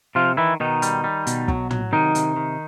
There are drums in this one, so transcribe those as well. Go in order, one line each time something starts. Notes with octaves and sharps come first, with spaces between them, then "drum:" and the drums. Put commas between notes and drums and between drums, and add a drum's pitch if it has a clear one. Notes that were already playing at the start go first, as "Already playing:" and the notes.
C3 F3 F4
D#3 E3 E4
B2 D#3 D#4
G3, drum: hi-hat
G3
B2, drum: hi-hat
F#3, drum: kick
F#3, drum: tom
C3 D#3 D#4
C3, drum: hi-hat
D#3